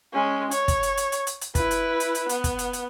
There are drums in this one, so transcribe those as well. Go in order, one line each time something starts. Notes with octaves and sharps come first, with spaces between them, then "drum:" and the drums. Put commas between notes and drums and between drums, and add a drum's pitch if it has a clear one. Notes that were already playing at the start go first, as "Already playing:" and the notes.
G#3 C#4
C#5, drum: hi-hat
drum: kick, hi-hat
drum: hi-hat
drum: hi-hat
drum: hi-hat
drum: hi-hat
drum: hi-hat
E4 B4, drum: kick, hi-hat
drum: hi-hat
drum: hi-hat
drum: hi-hat
B3, drum: hi-hat
drum: kick, hi-hat
drum: hi-hat
drum: hi-hat